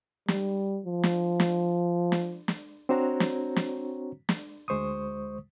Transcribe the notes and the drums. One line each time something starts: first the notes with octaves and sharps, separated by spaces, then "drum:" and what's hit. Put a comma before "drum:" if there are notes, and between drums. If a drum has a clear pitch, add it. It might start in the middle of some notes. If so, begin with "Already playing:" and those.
G3, drum: snare
F3
drum: snare
drum: snare
drum: snare
drum: snare
C4 D4 F#4 C5 C#5 A#5
drum: snare
drum: snare
drum: snare
D2 G#3 C5 C#6 D#6